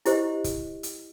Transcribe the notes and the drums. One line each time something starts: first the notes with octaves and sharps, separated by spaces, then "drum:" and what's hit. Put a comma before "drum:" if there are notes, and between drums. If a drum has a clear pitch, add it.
E4 G4 C5 D#5, drum: hi-hat
drum: kick, hi-hat
drum: hi-hat